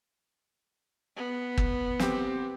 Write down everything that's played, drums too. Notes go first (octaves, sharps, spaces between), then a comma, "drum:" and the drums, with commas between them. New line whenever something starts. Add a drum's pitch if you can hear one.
B3
drum: kick
C4 G4, drum: snare